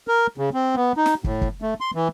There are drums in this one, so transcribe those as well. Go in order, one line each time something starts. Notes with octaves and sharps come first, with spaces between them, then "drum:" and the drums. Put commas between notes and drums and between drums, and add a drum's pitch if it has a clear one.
A#4
C#3
C4
B3
D#4
drum: snare
A2, drum: kick
drum: kick
A3
C6
E3